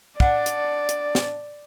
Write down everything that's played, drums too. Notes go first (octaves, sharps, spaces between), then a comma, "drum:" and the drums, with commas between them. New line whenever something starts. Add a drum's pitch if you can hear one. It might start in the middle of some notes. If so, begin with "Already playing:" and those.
D4 D5 F#5, drum: kick
drum: hi-hat
drum: hi-hat
drum: snare